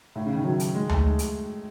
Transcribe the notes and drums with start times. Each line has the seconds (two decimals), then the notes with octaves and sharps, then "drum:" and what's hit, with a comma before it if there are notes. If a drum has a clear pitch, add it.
0.16 A2
0.26 C#3
0.35 D#3
0.44 F#3
0.60 drum: hi-hat
0.75 G#3
0.89 A3, drum: tom D2
1.04 G#3
1.19 drum: hi-hat